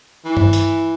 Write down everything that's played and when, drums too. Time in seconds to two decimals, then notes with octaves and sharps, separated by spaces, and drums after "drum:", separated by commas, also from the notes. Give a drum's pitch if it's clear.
0.25 E3
0.37 drum: tom G2
0.53 drum: hi-hat